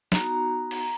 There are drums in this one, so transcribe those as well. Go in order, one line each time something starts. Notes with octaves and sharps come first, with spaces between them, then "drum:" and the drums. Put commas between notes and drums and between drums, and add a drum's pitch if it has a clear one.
B3 D#4 F#4 A#5, drum: snare
drum: cymbal